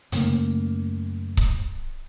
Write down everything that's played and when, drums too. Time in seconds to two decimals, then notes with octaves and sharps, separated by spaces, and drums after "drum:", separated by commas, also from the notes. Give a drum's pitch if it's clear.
0.12 F#2 C#3 A3 A#3, drum: hi-hat
1.37 drum: kick C#1